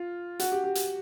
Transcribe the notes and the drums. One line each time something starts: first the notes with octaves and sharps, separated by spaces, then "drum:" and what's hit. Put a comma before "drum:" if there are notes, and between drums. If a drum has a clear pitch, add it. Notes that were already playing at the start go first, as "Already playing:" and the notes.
Already playing: F4
F#4, drum: hi-hat
G4
G4
drum: hi-hat